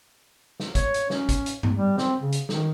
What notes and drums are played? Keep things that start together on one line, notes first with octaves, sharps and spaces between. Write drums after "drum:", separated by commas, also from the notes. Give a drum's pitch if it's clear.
drum: snare
C#5, drum: kick, hi-hat
drum: hi-hat
C#4, drum: snare
drum: kick, hi-hat
drum: hi-hat
drum: tom G2
G3
C4, drum: snare
C#3
drum: hi-hat
D#3, drum: snare